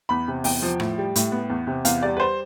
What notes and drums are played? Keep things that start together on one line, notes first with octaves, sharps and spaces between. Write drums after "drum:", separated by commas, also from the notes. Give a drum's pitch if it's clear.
E2 B5
C3
E2 G5, drum: open hi-hat
F3
A2, drum: rim click
G3
A2, drum: hi-hat
B3
E2
C3
E2 F5, drum: hi-hat
G3 D5
B4
C5